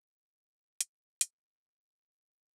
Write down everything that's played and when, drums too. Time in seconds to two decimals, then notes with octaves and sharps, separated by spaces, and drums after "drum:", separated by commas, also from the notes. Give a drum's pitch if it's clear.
0.81 drum: hi-hat
1.21 A3 A4, drum: hi-hat